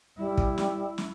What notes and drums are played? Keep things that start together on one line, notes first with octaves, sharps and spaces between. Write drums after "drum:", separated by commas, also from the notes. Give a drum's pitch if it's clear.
G3 E4
drum: kick
drum: snare
drum: snare